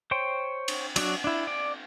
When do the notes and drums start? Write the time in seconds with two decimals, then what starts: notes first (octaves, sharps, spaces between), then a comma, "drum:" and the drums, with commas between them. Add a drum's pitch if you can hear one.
0.11 C5 C#5 G5 C6
0.68 drum: cymbal
0.96 F#3 D4 F#4, drum: cymbal
1.24 D4 E4
1.47 D5